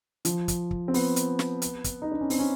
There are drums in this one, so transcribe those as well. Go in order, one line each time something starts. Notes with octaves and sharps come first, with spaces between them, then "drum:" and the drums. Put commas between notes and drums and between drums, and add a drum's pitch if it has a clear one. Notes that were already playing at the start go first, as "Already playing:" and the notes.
F3, drum: hi-hat
drum: kick, hi-hat
drum: kick
C4
B3, drum: open hi-hat
drum: hi-hat
drum: snare
drum: hi-hat
drum: kick, hi-hat
D#4
D4
C#4
C4, drum: open hi-hat
C#4